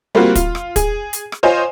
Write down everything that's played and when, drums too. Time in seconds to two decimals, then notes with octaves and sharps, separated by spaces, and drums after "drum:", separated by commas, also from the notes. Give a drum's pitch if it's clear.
0.15 G3 A#3 C4 F4 F#4
0.35 F4, drum: kick, hi-hat
0.55 drum: rim click
0.76 G#4, drum: kick, hi-hat
1.13 drum: hi-hat
1.32 drum: rim click
1.43 F4 C5 C#5 D#5 G#5